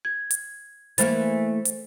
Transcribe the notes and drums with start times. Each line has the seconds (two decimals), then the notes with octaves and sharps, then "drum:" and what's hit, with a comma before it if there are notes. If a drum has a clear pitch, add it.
0.05 G#6
0.31 drum: hi-hat
0.98 E3 A3 A#3 C5 A6, drum: hi-hat
1.65 drum: hi-hat